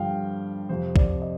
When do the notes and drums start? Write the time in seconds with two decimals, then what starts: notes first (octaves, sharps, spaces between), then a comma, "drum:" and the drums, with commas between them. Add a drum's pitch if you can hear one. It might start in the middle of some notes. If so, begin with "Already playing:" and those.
Already playing: G2 D3 F3 F5 G5
0.69 F2 C3 F3 C5
0.96 D5, drum: kick
1.22 D#5